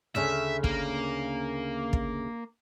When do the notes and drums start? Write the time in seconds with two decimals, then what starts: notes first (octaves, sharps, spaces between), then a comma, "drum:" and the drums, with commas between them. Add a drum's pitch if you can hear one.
0.15 D2 C#3 C#4 E5
0.64 A#3, drum: kick
1.93 drum: kick